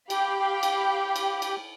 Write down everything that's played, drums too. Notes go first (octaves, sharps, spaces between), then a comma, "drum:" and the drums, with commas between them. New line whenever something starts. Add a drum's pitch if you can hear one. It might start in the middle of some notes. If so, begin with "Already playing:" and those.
G4 F5 G5 B5, drum: cymbal
drum: cymbal
drum: cymbal
drum: cymbal